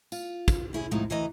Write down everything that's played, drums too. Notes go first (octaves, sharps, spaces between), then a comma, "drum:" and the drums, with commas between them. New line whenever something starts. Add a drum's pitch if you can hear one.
F4, drum: tambourine
drum: kick, tambourine
C#4 E4 G#4
A2 C3 F3 G#3 D#4
D2 E3 B4 D#5 A#5